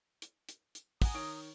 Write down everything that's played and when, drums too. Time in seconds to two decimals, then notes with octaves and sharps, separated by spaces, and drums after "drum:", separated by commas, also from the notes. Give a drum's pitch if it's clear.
0.22 drum: hi-hat
0.49 drum: hi-hat
0.75 drum: hi-hat
1.02 F#5 G#5 A#5 D#6, drum: kick, open hi-hat
1.14 D#3 C#5 D7